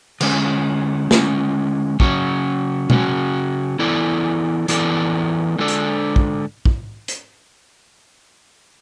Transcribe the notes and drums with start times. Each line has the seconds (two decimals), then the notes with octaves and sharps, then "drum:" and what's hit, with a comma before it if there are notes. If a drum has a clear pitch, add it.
0.21 D3 G#3 C#4, drum: cymbal
1.11 D3 G#3 C#4, drum: snare
2.00 C#3 F#3 C#4 F#4, drum: kick
2.90 C#3 F#3 C#4 F#4, drum: tom B2
3.79 E3 B3 E4 A4 D5
4.68 E3 B3 E4 A4 D5, drum: hi-hat
5.59 D3 G#3 D4 A4 D5
5.68 drum: hi-hat
6.16 drum: kick
6.65 drum: kick
7.08 drum: hi-hat